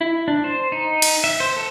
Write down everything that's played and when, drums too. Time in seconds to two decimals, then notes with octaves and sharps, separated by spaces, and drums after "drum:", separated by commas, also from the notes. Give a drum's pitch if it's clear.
0.01 E4
0.28 D4
0.44 C5
0.72 D#4
1.02 drum: cymbal
1.24 E5
1.40 C5
1.57 A4